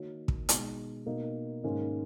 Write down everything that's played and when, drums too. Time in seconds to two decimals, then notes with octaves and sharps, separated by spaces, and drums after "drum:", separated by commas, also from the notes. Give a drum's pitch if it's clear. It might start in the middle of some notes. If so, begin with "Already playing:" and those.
Already playing: D#3 A#3 D#4 F#4 C#5
0.28 drum: kick
0.49 B2 G#3 D#4, drum: hi-hat
1.06 B2 A#3 D#4
1.64 G#2 D#3 A#3 C#4